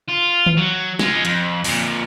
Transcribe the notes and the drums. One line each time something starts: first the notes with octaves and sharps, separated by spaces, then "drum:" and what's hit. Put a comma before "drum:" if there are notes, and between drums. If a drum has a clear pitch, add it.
F4
drum: tom D#3
F#3
G#3 F4, drum: snare
F2, drum: hi-hat
F2 A#2, drum: open hi-hat